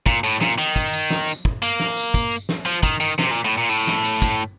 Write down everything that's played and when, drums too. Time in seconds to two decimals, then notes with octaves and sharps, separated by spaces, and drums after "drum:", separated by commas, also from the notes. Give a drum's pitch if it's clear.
0.06 A#2, drum: kick
0.24 A2, drum: tambourine
0.41 A#2, drum: snare
0.58 D#3, drum: tambourine
0.76 drum: kick, tambourine
0.93 drum: tambourine
1.10 drum: snare
1.28 drum: tambourine
1.45 drum: kick
1.62 A#3, drum: tambourine
1.80 drum: snare
1.97 drum: tambourine
2.14 drum: kick, tambourine
2.32 drum: tambourine
2.49 drum: snare
2.66 F3, drum: tambourine
2.83 D#3, drum: kick, tambourine
3.00 D#3, drum: tambourine
3.19 C3, drum: snare
3.31 A#2
3.45 A2
3.57 A#2
3.69 A2, drum: tambourine
3.87 drum: snare
4.05 drum: tambourine
4.22 drum: kick, tambourine